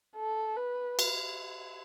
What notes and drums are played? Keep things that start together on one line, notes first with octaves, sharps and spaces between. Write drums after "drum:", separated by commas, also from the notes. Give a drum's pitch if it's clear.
A4
B4
drum: cymbal